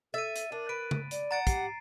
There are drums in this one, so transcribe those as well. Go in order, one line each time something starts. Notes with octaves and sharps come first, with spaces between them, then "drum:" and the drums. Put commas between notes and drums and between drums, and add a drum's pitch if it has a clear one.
A4 E5 A6 D#7
drum: hi-hat
D4 A#4
B4 D7
drum: tom C#3
D5, drum: hi-hat
F#5 A#5 A6 D7
G4 C7, drum: kick, hi-hat